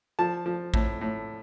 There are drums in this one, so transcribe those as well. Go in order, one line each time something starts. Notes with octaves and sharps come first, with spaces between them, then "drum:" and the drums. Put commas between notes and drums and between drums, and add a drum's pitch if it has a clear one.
F3 A5
F3
A2, drum: kick A1
A2